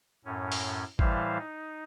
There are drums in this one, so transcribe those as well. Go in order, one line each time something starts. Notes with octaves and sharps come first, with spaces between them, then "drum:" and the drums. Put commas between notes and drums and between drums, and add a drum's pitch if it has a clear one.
F#2 A2 C#4
drum: open hi-hat
A2 E3 G3 E4 C5 F5, drum: kick
D#4